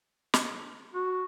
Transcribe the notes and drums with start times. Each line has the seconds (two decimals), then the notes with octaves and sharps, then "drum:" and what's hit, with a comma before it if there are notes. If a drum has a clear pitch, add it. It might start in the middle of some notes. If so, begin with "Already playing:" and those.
0.34 drum: snare
0.94 F#4